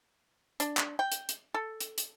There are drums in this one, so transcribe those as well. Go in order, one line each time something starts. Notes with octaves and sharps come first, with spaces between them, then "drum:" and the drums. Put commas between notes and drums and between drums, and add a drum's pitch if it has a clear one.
D4, drum: hi-hat
drum: clap
G5
drum: hi-hat
drum: hi-hat
A4
drum: hi-hat
drum: hi-hat